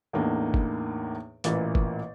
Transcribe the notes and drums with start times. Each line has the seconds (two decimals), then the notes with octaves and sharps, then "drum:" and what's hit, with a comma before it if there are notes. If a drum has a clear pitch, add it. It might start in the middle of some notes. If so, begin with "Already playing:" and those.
0.13 E2 A2 A#3 D4 D#4
0.54 drum: kick
1.44 A1 A#2 E3 A#3 B4 A6, drum: hi-hat
1.75 drum: kick